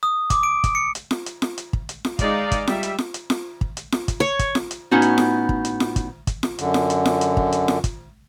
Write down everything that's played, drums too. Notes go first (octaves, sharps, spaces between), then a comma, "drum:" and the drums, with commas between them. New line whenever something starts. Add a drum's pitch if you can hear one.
D#6
D6, drum: kick, hi-hat
D7
drum: kick, hi-hat
C#7
drum: hi-hat
drum: snare F4
drum: hi-hat
drum: snare F4
drum: hi-hat
drum: kick
drum: hi-hat
drum: snare F4
G#3 D#4 D5 F5, drum: kick, hi-hat
drum: kick, hi-hat
G3 E5, drum: snare F4
drum: hi-hat
drum: snare F4
drum: hi-hat
drum: snare F4
drum: kick
drum: hi-hat
drum: snare F4
drum: kick, hi-hat
C#5
drum: kick, hi-hat
drum: snare F4
drum: hi-hat
A2 B3 C#4 D#4 F#4
drum: hi-hat
drum: snare F4
drum: kick
drum: hi-hat
drum: snare F4
drum: kick, hi-hat
drum: kick, hi-hat
drum: snare F4
F#2 D3, drum: hi-hat
drum: snare F4
drum: hi-hat
drum: snare F4
drum: hi-hat
drum: kick
drum: hi-hat
drum: snare F4
drum: kick, hi-hat